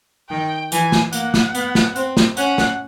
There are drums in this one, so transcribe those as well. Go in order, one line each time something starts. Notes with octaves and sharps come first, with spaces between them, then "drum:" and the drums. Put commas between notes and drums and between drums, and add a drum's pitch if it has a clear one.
D#3 G5
E3 G#5, drum: hi-hat
drum: snare
A#3 F#5, drum: hi-hat
drum: snare
B3, drum: hi-hat
drum: snare
C4, drum: hi-hat
drum: snare
C#4 F#5, drum: hi-hat
drum: snare